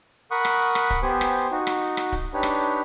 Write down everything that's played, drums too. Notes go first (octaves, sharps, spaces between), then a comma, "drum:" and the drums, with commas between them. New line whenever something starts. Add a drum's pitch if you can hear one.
A#4 F#5 B5 C#6 D#6 F#6
drum: rim click
drum: rim click
drum: kick C#1
B3 G4 C5 G#5
drum: rim click
D#4 F#4
drum: rim click
drum: rim click
drum: kick C#1
D4 D#4 G4 B4 C#5
drum: rim click